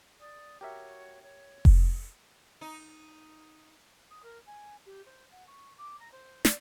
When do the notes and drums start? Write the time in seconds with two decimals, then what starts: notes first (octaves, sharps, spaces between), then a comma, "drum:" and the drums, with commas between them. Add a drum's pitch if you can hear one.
0.21 D5 D#6
0.61 F#4 G4 A#4 C#5 E5 C#6
1.23 C#5
1.65 drum: kick F1
2.61 D#4
4.10 D#6
4.22 A#4
4.46 G#5
4.85 G4
5.05 C5
5.31 F#5
5.46 C#6
5.78 D6
5.99 A#5
6.11 C5
6.45 D5, drum: snare